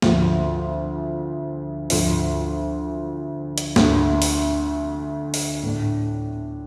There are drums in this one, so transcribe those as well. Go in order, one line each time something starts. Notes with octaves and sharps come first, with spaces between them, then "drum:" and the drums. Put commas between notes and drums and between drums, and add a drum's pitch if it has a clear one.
D2 D3 F3, drum: snare
D2 D3 F3, drum: open hi-hat
drum: hi-hat
D2 D3 A3, drum: snare
drum: open hi-hat
drum: open hi-hat
A2 A3 D4